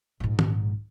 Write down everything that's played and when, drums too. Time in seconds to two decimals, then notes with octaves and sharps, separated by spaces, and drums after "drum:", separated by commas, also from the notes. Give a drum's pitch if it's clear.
0.20 A#1 G#2
0.39 drum: tom D#3